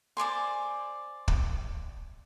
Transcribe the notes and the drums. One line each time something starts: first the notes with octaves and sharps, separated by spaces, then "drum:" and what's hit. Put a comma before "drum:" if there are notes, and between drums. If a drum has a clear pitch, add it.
C5 D5 G#5 C6
drum: kick